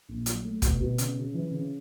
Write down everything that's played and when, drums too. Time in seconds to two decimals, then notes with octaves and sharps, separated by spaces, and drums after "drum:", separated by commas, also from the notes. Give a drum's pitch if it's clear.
0.09 A#1
0.26 F#3, drum: hi-hat
0.44 A3
0.62 B2, drum: kick, hi-hat
0.80 B2
0.98 C#3, drum: hi-hat
1.16 C#3
1.34 E3
1.51 C#3